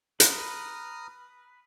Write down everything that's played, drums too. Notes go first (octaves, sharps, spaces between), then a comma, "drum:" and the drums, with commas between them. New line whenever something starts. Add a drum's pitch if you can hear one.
B4 A#5 D#6 F6, drum: hi-hat